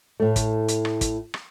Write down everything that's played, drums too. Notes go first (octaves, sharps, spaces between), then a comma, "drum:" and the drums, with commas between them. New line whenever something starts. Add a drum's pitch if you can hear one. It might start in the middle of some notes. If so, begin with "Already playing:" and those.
A2 A3
drum: kick, hi-hat
drum: hi-hat
drum: rim click
drum: kick, hi-hat
drum: rim click